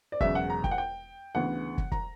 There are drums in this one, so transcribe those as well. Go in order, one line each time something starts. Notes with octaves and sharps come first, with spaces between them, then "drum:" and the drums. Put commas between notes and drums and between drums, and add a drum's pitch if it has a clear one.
D5
E1 E2 C#3 F#3 E5, drum: kick
F#5
A#5
G5, drum: kick
F#5
G5
D2 C#3 E3 B3 F#5
drum: kick
A#5, drum: kick